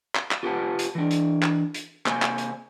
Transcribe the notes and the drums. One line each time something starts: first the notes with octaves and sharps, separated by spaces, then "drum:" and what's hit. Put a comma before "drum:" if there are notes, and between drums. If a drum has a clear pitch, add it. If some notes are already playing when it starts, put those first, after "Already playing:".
drum: clap
drum: clap
F4 G4 B4 D#5 F#5 A5
drum: hi-hat
E3 D4
drum: hi-hat
drum: clap
drum: hi-hat
C3 A#3 C5 G#5, drum: clap
drum: clap
drum: hi-hat